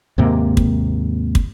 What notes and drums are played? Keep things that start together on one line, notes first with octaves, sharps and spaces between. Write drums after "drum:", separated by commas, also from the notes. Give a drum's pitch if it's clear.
D#2 G#2 C3 A#3
drum: kick
drum: kick